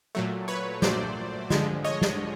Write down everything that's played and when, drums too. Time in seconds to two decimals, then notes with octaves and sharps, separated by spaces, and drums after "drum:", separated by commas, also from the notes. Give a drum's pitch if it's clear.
0.15 A#2 F#3 A3
0.48 B4 C#5
0.82 A#2 F#3 A3 C5 D5, drum: snare
1.50 D3 F3 G#3, drum: snare
1.84 C#5 D#5
2.02 drum: snare